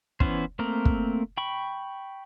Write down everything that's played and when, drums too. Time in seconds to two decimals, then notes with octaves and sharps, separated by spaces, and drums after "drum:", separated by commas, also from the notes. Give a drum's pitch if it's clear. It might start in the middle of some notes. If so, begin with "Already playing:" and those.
0.20 E3 B3 C#4 C5, drum: kick
0.59 A3 A#3 C4 A#4
0.85 drum: kick
1.37 G5 B5 C#6